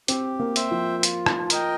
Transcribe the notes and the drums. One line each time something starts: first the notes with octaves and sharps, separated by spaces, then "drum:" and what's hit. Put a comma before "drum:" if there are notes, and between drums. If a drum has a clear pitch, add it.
C4 G4, drum: hi-hat
A#3
C5 E5 G5, drum: hi-hat
F3
F4, drum: hi-hat
drum: rim click
A#4 D#5 G5, drum: hi-hat